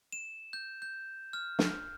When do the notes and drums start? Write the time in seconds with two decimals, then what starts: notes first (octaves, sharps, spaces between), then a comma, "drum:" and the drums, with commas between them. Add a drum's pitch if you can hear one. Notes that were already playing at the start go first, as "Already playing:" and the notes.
0.12 E7
0.53 G6
0.82 G6
1.33 F6
1.59 drum: snare